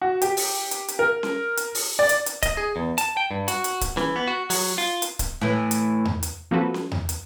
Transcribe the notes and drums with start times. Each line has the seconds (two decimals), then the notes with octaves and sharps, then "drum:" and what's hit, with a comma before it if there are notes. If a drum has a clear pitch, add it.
0.02 F#4
0.22 G4, drum: hi-hat
0.37 drum: open hi-hat
0.71 drum: hi-hat
0.88 drum: hi-hat
0.99 A#4
1.23 drum: snare C#4
1.57 drum: hi-hat
1.75 drum: open hi-hat
1.99 D5
2.09 drum: hi-hat
2.26 drum: hi-hat
2.43 D#5, drum: kick C#1, hi-hat
2.57 G#4
2.76 E2
2.98 A5, drum: hi-hat
3.17 G5
3.31 G2
3.48 F#4, drum: hi-hat
3.64 drum: hi-hat
3.81 drum: kick C#1, hi-hat
3.97 E3, drum: snare C#4
4.16 B3
4.28 F#4
4.50 F#3, drum: open hi-hat
4.78 F4
5.02 drum: hi-hat
5.19 drum: kick C#1, hi-hat
5.41 A2 E3
5.71 drum: hi-hat
6.05 drum: tom E2
6.23 drum: hi-hat
6.51 F3 A#3 C4 F#4 A4 B4
6.74 drum: snare C#4
6.91 drum: tom E2
7.09 drum: hi-hat